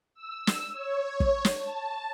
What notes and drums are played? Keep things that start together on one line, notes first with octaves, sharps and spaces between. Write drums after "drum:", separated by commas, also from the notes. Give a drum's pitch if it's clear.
E6
drum: snare
C#5
drum: kick
drum: snare
A5